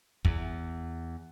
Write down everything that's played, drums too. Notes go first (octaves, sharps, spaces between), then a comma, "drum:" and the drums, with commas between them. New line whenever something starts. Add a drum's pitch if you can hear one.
E2, drum: kick